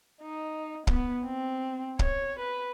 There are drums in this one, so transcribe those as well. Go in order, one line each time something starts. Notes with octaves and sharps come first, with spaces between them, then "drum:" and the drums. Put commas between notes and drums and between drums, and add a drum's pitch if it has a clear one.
D#4
B3, drum: kick
C4
C#5, drum: kick
B4